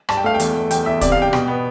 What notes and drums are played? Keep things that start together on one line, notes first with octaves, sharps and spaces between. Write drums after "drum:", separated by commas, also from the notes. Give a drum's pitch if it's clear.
G2 A5, drum: rim click
G5
A3 F5
G5
E2, drum: hi-hat
A3
E2 G5, drum: hi-hat
E2 E5
C3 D5, drum: kick, hi-hat
F5
C3 G5
B2 G5, drum: rim click
B3